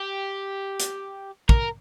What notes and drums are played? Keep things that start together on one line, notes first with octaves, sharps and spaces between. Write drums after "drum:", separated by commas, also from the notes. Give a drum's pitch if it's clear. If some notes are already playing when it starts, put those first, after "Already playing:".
Already playing: G4
drum: hi-hat
A#4, drum: kick